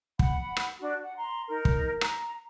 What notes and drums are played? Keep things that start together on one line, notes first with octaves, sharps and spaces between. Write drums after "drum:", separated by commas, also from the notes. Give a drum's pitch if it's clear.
F#5 B5, drum: kick
drum: rim click
D4 F#4
F#5
A#5 C6
D#4 A#4
drum: kick
A#5, drum: rim click